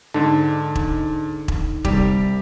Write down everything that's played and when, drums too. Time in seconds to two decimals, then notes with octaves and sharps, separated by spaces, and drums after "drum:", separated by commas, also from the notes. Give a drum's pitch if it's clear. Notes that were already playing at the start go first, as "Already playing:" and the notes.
0.14 G#2 D3 D#4 A5
0.75 drum: kick E1
1.48 drum: kick E1
1.85 C2 G3 G4, drum: kick E1